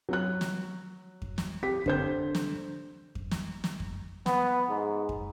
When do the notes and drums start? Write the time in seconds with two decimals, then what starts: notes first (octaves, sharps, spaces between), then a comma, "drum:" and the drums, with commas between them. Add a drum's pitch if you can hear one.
0.09 F#3 F#4 F#6
0.41 drum: snare
1.22 drum: kick F2
1.38 drum: snare
1.63 G4 B6
1.86 D3 C5 G6, drum: kick F2
2.35 drum: snare
3.15 drum: kick F2
3.31 drum: snare
3.64 drum: snare
3.80 drum: kick F2
4.26 B3, drum: snare
4.69 G#2
5.09 drum: kick F2